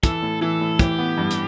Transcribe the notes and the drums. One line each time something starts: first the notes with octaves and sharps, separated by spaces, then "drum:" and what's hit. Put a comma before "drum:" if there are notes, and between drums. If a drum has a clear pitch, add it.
E3 A4, drum: kick, hi-hat
A2
E3 A4
A2
E3 G4, drum: kick, hi-hat
B3
G2
drum: hi-hat